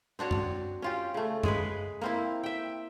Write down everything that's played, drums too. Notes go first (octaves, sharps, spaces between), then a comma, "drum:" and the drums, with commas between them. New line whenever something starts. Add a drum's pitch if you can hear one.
C4 D4 F#4 C#5
drum: tom F#2
C#4 F4 G4
C#3 A3
G#3 G#4 B4, drum: tom F#2
A#3 C4 E4
E5 G5